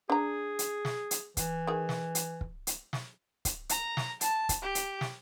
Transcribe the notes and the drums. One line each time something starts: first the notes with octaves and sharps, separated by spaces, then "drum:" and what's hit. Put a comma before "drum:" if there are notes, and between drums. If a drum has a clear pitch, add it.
D4 G#4 A#5
drum: hi-hat
drum: snare
drum: hi-hat
E3, drum: kick, hi-hat
D#3 G#4
drum: snare
drum: hi-hat
drum: kick
drum: hi-hat
drum: snare
drum: kick, hi-hat
A#5, drum: hi-hat
drum: snare
A5, drum: hi-hat
drum: kick, hi-hat
G4
drum: hi-hat
drum: snare